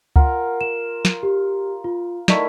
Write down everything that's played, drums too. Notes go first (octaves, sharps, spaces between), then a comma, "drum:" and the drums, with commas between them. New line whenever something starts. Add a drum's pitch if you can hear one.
F4 A#4 F#5, drum: kick C#2
E7
drum: snare
G4
F4
D#3 A3 E4 D5 B6, drum: snare